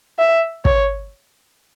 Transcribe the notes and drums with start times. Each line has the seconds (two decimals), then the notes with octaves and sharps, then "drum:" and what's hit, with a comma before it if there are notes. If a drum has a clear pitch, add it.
0.19 E5
0.65 C#5, drum: kick